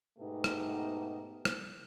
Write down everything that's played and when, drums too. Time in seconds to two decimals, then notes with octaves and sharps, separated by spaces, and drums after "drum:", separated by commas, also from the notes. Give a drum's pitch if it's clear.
0.19 G#2 B2 A3 B3 D#4 G4
0.44 drum: rim click
1.45 drum: rim click